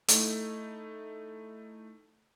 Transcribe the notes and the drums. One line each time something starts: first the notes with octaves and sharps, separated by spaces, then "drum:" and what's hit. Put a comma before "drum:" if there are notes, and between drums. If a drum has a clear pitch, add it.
A3 D#4 E4, drum: hi-hat